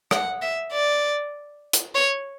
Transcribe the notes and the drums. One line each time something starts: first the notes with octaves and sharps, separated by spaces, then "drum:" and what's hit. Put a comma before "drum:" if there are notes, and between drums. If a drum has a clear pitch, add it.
F#5, drum: rim click
E5
D5
drum: hi-hat
C#5